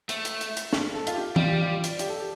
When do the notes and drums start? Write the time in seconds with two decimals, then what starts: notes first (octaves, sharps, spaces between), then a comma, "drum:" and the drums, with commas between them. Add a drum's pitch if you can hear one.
0.09 A3, drum: hi-hat
0.25 drum: hi-hat
0.41 drum: hi-hat
0.57 drum: hi-hat
0.73 drum: snare
0.94 A4
1.07 F4, drum: hi-hat
1.14 G4
1.36 G3 F4, drum: tom E3
1.48 G4
1.61 F4
1.84 drum: hi-hat
1.99 G4, drum: hi-hat
2.09 A4
2.20 G4